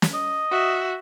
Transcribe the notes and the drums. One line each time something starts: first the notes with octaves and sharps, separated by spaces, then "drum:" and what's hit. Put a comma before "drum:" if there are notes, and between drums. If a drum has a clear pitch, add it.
drum: snare
D#5
F#4 E5